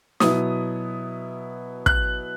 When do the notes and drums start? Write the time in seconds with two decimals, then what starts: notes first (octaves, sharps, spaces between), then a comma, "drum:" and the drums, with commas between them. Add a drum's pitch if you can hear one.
0.20 B2 F#3 B3 E4 D#6, drum: snare
1.86 F#6, drum: kick